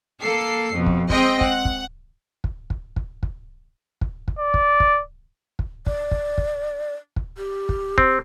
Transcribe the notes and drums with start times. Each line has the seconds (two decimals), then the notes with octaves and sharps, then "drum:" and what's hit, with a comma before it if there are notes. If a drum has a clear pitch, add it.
0.21 A#3 A4 C7
0.73 F2 B2
0.86 drum: kick
1.10 G#3 C4 D#5 G5, drum: kick
1.41 F#5, drum: kick
1.65 drum: kick
2.44 drum: kick
2.70 drum: kick
2.96 drum: kick
3.23 drum: kick
4.01 drum: kick
4.28 drum: kick
4.39 D5
4.54 drum: kick
4.80 drum: kick
5.59 drum: kick
5.86 D5, drum: kick
6.11 drum: kick
6.38 drum: kick
7.16 drum: kick
7.38 G4
7.69 drum: kick
7.98 C4, drum: kick